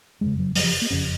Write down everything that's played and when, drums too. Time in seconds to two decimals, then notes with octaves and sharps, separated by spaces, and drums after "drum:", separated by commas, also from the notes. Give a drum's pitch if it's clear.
0.21 F#1 F2 C#3 G#3
0.39 F#3
0.55 F#3, drum: open hi-hat
0.64 F3
0.82 A#3
0.90 F#1 F2 C#3 C#4